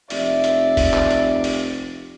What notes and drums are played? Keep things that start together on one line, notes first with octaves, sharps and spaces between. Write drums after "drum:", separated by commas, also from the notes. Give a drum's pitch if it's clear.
F1 D5 E5, drum: open hi-hat
drum: hi-hat
drum: kick, open hi-hat
drum: clap
drum: hi-hat
drum: open hi-hat